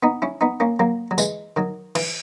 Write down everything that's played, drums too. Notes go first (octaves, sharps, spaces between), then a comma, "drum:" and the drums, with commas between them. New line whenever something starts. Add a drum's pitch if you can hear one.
B3 D#4
C#4 E4
B3 D#4
A#3 C#4
F#3 A#3
F#3
E3 G#3, drum: tambourine
D#3 F#3
E3, drum: cymbal